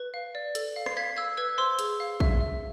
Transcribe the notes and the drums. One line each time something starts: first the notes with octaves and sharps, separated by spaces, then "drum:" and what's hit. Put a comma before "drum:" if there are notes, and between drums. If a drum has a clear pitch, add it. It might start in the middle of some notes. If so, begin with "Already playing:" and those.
Already playing: B4
F5
D5
A4, drum: hi-hat
F5
C7, drum: rim click
F5 G#6 B6
F5 E6 G#6
B4 E6 G#6
C5 C6 E6
G#4, drum: hi-hat
F5
E5, drum: kick
E5